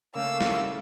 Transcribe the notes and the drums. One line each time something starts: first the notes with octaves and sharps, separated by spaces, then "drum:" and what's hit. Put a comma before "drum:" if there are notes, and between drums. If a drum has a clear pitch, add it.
C#3 A3 A#3 F5 E6
drum: snare